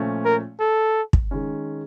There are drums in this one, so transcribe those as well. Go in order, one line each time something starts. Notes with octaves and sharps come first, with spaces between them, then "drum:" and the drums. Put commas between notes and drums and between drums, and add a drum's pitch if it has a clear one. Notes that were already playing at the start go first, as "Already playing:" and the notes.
Already playing: A#2 F3 A3 C#4
A#4
A4
drum: kick
D#3 G#3 C#4